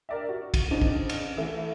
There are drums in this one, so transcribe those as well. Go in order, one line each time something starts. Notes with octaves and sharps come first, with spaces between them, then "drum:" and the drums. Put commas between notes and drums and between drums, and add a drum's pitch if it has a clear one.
A#4 D5 E5
F#4
drum: kick, cymbal
C#3 C4 D4 D#4
drum: kick
drum: cymbal
E3 A3